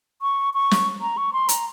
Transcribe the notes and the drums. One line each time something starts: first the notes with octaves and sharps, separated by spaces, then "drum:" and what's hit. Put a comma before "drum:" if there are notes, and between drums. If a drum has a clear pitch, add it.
C#6
C#6
drum: snare
A#5
C#6
C6
A#5, drum: hi-hat